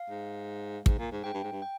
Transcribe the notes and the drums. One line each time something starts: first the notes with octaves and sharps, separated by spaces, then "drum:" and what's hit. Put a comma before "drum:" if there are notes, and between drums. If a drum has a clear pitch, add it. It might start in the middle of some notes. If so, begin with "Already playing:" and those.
Already playing: F5
G#2
G#2, drum: kick
A#2
G#2
G#2 G5
G2
G#2
G2
G5